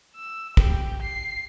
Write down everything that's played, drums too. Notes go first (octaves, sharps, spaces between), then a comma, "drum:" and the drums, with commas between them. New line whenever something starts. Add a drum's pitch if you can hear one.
E6
G4, drum: kick
C7